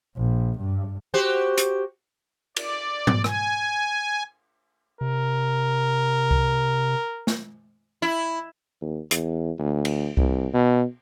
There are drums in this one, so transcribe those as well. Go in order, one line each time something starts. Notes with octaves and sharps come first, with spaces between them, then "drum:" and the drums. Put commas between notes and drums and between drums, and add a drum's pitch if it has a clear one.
A#1
G2
F#4 G4 C5
drum: hi-hat
D5, drum: cymbal
drum: tom G#2
G#5, drum: rim click
C3 A#4
drum: kick C2
drum: snare
E4
D#2
E2, drum: hi-hat
D2
drum: cymbal
C2, drum: kick C2
B2